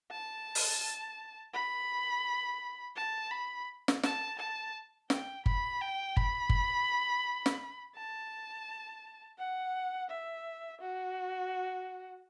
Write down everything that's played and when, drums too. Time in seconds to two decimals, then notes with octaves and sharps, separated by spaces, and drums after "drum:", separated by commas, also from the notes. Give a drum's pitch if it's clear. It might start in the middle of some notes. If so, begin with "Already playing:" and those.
0.11 A5
0.55 drum: open hi-hat
1.53 B5
2.96 A5
3.31 B5
3.88 drum: snare
4.03 A5, drum: snare
4.38 A5
5.10 G5, drum: snare
5.46 B5, drum: kick G1
5.81 G5
6.17 B5, drum: kick G1
6.49 drum: kick G1
7.46 drum: snare
7.95 A5
9.39 F#5
10.10 E5
10.80 F#4